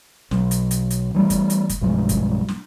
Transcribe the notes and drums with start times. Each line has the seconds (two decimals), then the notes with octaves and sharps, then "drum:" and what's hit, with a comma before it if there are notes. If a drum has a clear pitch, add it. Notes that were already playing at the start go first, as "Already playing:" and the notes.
0.31 B1, drum: snare
0.51 drum: hi-hat
0.71 drum: hi-hat
0.90 drum: hi-hat
1.15 E3 G3 A3
1.30 drum: kick, hi-hat
1.50 drum: hi-hat
1.69 drum: kick, hi-hat
1.81 B1 G2 F3 G#3
2.09 drum: kick, hi-hat
2.48 drum: snare